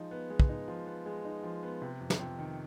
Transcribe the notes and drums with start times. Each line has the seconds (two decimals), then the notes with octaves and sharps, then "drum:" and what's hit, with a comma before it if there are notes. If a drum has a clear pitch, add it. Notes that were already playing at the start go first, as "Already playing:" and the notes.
Already playing: F3 G#3 D#4
0.11 B3
0.30 G#3
0.40 drum: kick
0.49 D#4
0.68 F3
0.87 B3
1.06 G#3
1.25 D#4
1.44 F3
1.63 B3
1.82 C3
2.00 F2
2.10 drum: snare
2.19 F2
2.39 D#3